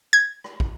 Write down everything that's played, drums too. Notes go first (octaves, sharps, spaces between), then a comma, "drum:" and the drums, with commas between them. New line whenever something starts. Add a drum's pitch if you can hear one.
G#6
drum: rim click
drum: kick